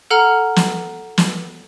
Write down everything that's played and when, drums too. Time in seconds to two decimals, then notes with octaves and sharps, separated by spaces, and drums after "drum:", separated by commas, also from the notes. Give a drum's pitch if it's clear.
0.11 A4 F#5 A#5 F6
0.56 drum: snare
1.18 drum: snare